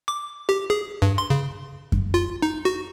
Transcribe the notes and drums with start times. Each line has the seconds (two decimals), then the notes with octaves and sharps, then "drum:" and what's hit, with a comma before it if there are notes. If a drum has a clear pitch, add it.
0.08 D6
0.49 G4
0.70 G#4
1.02 G2
1.18 C6
1.30 C#3
1.92 drum: kick F#2
2.14 F4
2.42 D#4
2.65 F#4